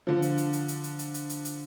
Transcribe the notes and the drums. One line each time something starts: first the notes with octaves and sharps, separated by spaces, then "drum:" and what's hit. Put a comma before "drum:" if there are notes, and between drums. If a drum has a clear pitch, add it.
D3 F3
drum: hi-hat
drum: hi-hat
drum: hi-hat
drum: hi-hat
drum: hi-hat
drum: hi-hat
drum: hi-hat
drum: hi-hat
drum: hi-hat